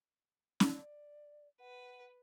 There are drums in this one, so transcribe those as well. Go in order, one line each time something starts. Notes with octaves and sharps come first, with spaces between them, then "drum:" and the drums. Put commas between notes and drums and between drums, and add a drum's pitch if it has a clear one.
D5, drum: snare C#4
B4 F#5